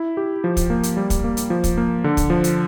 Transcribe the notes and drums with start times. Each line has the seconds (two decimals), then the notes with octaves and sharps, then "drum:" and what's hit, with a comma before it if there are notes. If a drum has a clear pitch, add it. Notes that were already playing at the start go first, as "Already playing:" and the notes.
Already playing: E4
0.17 G4
0.44 F3
0.57 drum: kick, hi-hat
0.70 A#3
0.83 drum: hi-hat
0.97 G3
1.10 drum: kick, hi-hat
1.24 A#3
1.37 drum: hi-hat
1.50 F3
1.64 drum: kick, hi-hat
1.77 A#3
2.04 D3
2.17 drum: kick, hi-hat
2.30 F3
2.44 drum: hi-hat